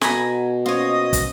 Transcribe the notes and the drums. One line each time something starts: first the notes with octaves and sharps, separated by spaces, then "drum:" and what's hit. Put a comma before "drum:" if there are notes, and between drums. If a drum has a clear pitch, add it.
B2 B3 A4 G#5 A#5 B5, drum: snare
A#3 C#4 F4 C5 C#5 D#5 D#6
drum: kick, hi-hat